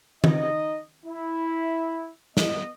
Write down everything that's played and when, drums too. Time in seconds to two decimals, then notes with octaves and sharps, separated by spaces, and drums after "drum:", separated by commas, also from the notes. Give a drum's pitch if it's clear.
0.24 D#4 D#5, drum: tom D#3
1.06 E4
2.37 B3 D#5, drum: snare